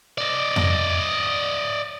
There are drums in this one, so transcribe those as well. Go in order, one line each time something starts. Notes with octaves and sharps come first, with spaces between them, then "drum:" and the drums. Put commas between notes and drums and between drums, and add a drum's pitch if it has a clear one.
D5 D#5
drum: tom F2